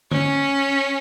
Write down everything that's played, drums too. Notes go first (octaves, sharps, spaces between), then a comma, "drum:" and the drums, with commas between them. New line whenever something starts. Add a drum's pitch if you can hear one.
C#4, drum: tom